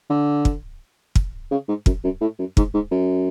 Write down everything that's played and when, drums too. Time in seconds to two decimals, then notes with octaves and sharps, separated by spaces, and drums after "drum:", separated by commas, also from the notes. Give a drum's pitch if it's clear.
0.10 D3
0.45 drum: kick
1.16 drum: kick
1.51 C#3
1.68 G#2
1.86 F#2, drum: kick
2.04 F#2
2.21 A2
2.39 F#2
2.57 G#2, drum: kick
2.74 G#2
2.91 F#2